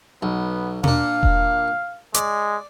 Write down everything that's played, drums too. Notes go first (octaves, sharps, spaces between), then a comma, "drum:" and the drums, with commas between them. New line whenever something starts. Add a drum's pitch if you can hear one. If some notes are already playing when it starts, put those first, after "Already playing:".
B1 B3
A#2 D4 F5, drum: tom B2
drum: kick E1
G#3 D5, drum: hi-hat